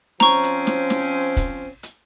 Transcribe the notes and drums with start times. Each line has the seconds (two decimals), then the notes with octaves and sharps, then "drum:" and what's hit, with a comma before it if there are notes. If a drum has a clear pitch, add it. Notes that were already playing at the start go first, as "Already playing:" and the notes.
0.20 F3 C4 C#4 A#5 C#6, drum: snare
0.44 drum: hi-hat
0.67 drum: snare
0.90 drum: snare
1.37 drum: kick, hi-hat
1.83 drum: hi-hat